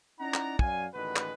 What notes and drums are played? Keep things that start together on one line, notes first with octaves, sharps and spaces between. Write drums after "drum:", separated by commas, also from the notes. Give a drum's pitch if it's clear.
C#4 D#4 E4 D5 F#5 A#5
drum: clap
F#2 F#3 D5 F5 G#5, drum: kick
A1 D3 D#3 G#3 F#4 B4
drum: clap